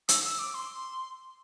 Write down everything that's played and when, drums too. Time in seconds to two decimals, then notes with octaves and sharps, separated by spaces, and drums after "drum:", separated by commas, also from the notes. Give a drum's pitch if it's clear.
0.09 E6, drum: hi-hat
0.25 E6
0.39 D6
0.54 C6